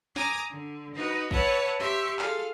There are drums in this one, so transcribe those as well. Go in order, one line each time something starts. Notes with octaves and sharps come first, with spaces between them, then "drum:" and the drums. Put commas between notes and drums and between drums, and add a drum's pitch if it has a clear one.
G#5 A#5 D6 D#6, drum: snare
D3
D#4 F#4 B4
B4 C#5 E5 F#5 A5, drum: kick
G4 E5 C6 C#6
F4 G#4 A4 F5, drum: clap